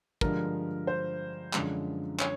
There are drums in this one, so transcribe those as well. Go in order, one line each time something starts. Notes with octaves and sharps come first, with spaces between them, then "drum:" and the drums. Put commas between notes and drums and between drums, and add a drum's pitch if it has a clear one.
G2 D3 F3 G#3 A#4, drum: kick
C5
F#2 D3 F3 G#3, drum: clap
C#5, drum: clap